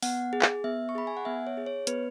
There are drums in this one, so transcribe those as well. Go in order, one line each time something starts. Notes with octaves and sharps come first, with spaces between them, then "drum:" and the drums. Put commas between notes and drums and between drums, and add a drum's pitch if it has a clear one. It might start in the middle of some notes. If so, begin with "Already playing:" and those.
B3 F#5, drum: open hi-hat
G#4
drum: clap
B3 E5
C#6
G#4 B5
G#5
F#5
B3 E5
C#5
G#4
C#5
B3 B4, drum: hi-hat